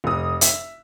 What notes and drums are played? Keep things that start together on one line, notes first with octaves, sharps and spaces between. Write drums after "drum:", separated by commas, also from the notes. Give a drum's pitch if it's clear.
F1 D#6
E5, drum: hi-hat